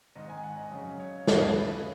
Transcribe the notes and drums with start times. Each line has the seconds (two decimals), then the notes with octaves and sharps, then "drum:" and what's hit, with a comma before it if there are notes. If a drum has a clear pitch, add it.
0.15 G#2 D#3 D#5
0.30 G#5
0.43 F#5
0.57 D#5
0.71 F#2 C#3
0.99 C#5
1.27 F#2 C#3, drum: snare
1.56 B4